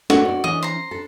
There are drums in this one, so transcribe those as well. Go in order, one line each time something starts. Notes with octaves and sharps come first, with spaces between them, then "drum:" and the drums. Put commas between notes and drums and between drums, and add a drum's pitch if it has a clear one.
A3 F#4, drum: snare
C#5 D5
E3 C#4 D4 D#5
C5 A#5
D4 A4